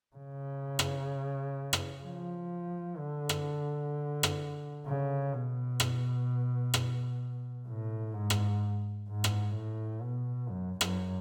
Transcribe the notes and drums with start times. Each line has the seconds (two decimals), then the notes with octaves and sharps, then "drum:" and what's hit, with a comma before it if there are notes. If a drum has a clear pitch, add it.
0.16 C#3
0.79 drum: rim click
1.73 drum: rim click
2.04 F3
2.98 D3
3.29 drum: rim click
4.23 drum: rim click
4.86 C#3
5.33 B2
5.80 drum: rim click
6.74 drum: rim click
7.68 A2
8.14 G#2
8.30 drum: rim click
9.09 G#2
9.24 drum: rim click
9.55 A2
10.02 B2
10.49 F#2
10.81 F#2, drum: rim click